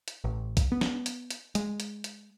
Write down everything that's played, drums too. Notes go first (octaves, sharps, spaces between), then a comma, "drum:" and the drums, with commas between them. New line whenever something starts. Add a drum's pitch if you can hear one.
drum: hi-hat
A1
drum: kick, hi-hat
B3
drum: snare
drum: hi-hat
drum: hi-hat
G#3, drum: hi-hat
drum: hi-hat
drum: hi-hat